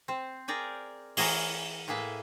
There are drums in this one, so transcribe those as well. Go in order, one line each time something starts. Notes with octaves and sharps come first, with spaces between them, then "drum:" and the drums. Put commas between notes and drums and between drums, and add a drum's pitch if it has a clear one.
C4 C5
G#4 A#4 D5 G5 G#5
E3 G#4 A#4 C#5 A#5, drum: open hi-hat
A2 A#3 G#4 B4 E5